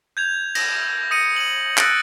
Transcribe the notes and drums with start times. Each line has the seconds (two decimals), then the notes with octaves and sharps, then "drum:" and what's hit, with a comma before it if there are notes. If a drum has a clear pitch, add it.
0.17 G6 G#6 F7
0.55 A#6, drum: cymbal
1.11 D#6 A#6 C#7 D#7
1.36 D#7 F#7
1.77 E6 F#6 A6 A#6 C#7 D7, drum: clap